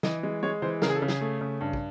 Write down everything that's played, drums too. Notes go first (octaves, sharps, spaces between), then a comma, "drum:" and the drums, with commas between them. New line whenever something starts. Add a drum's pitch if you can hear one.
E3 D#5, drum: snare
G#3
G#3 C#5
E3 C5
C#3 A#4, drum: snare
G#4
A4
C#3
G#4, drum: snare
A3
C#3
G2
drum: kick